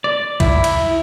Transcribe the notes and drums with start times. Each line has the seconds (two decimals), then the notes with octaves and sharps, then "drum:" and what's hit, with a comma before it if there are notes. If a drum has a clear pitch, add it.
0.04 D5
0.40 E4, drum: kick, cymbal
0.64 drum: cymbal